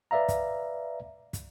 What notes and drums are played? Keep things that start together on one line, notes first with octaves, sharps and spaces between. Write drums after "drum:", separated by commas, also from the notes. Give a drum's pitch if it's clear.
B4 D5 E5 F5 A#5
drum: kick, hi-hat
drum: kick, hi-hat